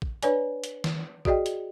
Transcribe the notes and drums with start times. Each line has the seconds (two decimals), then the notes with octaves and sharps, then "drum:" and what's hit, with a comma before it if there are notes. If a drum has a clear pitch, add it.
0.02 drum: kick
0.23 D4 B4 C#5 D5 G#5, drum: hi-hat
0.64 drum: hi-hat
0.84 drum: snare E3
1.25 F#4 G#4 D5 D#5 G5, drum: kick
1.46 drum: hi-hat